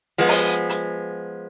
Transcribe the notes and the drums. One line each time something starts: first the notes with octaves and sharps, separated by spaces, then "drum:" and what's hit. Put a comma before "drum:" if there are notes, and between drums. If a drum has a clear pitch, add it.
F3 G#3 B3
drum: open hi-hat
drum: hi-hat